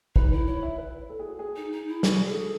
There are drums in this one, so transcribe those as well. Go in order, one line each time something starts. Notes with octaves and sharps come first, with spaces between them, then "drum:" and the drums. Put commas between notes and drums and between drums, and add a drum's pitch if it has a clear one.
D#4 B4, drum: kick
E4 B4
E4 C#5
E5
B4
A4
G#4
F#4
G#4
D#4
D#4
E4
F#4 G#4, drum: snare
G#4 A4
G#4